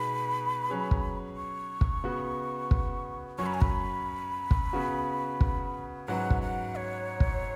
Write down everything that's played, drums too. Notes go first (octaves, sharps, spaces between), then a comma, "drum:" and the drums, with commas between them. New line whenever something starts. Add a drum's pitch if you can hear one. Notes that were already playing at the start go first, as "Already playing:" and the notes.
Already playing: B2 G#3 B3 D#4 B5
F#3 C#4 G#4 B4
drum: kick
C#6
drum: kick
C#3 B3 F#4
drum: kick
F#2 F#3 C#4 C#6
B5
G#5
B5, drum: kick
drum: kick
C#3 B3 F#4
drum: kick
G#2 F#3 C#4 F#4 B4 F#5
drum: kick
F#5
C#5
drum: kick